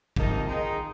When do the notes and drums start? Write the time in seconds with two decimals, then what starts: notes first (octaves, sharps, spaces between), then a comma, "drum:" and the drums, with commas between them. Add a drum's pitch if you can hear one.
0.16 C3 F3 A#3 D#4, drum: kick
0.47 D#3 G#3 D#4